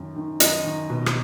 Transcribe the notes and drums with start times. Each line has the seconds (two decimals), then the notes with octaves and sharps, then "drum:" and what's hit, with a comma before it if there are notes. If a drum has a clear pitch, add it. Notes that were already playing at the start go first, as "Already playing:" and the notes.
Already playing: F#2 D#3
0.16 D#3
0.40 F#2 D#5, drum: hi-hat
0.65 D#3
0.90 B2
1.06 drum: rim click